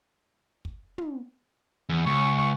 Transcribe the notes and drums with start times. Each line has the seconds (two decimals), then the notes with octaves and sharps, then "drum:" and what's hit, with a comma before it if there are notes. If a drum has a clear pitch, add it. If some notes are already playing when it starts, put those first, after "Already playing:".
0.65 drum: kick
0.98 drum: tom
1.89 E2
2.06 C#2 C#6
2.38 C#6, drum: snare